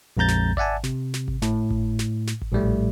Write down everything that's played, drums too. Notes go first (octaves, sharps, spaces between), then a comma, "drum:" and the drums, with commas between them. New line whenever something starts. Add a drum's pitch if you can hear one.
A#1 F2 G#3 A#5 G6 A6
drum: snare
D5 E5 F#5 G#5 A5, drum: kick G#1
C3, drum: snare
drum: snare
drum: kick G#1
A2, drum: snare
drum: kick G#1
drum: snare
drum: snare
drum: kick G#1
A#1 A2 G3 A3